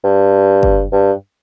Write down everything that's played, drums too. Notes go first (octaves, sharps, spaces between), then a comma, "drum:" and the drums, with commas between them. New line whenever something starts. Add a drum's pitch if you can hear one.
G2
drum: kick
G2